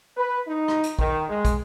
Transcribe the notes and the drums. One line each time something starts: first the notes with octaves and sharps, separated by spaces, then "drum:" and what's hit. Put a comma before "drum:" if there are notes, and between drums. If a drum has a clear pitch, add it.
B4
D#4
drum: rim click
drum: hi-hat
D#3, drum: kick
G#3
drum: kick, hi-hat